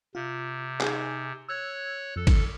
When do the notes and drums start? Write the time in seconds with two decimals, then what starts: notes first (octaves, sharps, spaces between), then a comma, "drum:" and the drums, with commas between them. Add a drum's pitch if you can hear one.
0.15 C3 F4
0.81 D#4 G#4 G#5, drum: clap
1.49 C#5 E6 F#6 G#6
2.16 F2 A4
2.27 drum: kick G1, cymbal